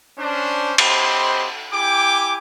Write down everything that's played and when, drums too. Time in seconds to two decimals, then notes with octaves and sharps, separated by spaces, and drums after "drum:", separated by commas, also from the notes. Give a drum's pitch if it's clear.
0.19 C#4 D4 C5
0.78 C4 G4 C5 D#5 B5 C6, drum: cymbal
1.74 E4 G4 G5 G#5 D6